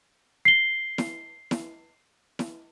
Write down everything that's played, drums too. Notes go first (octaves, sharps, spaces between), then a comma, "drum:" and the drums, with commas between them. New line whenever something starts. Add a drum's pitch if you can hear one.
C7 G7
drum: snare E4
drum: snare E4
drum: snare E4